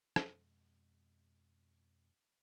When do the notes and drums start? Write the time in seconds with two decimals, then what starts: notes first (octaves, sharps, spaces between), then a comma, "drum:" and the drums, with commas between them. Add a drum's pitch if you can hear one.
0.16 F2 B2 G#3, drum: rim click